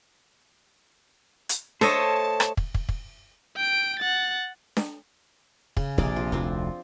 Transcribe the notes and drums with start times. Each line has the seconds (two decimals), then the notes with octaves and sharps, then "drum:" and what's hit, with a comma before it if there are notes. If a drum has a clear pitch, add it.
1.49 drum: hi-hat
1.81 A3 A4 C5 C#5 D#5 A5, drum: snare D4
2.40 drum: rim click
2.57 drum: kick
2.74 drum: kick
2.89 drum: kick
3.57 G5 D7
4.00 F#5 A6
4.77 drum: snare D4
5.77 C#3, drum: kick
5.98 A#1 C3 G#4 D5, drum: kick
6.16 F3
6.32 F1 D2 F3 C4 D4